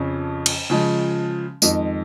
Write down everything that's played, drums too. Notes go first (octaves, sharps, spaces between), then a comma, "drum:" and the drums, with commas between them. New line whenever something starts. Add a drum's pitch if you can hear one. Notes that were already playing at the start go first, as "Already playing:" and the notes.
Already playing: F2 C#3 F3 C#4
drum: cymbal
C#3 F3 G#3
F2 D#3 G#3, drum: tambourine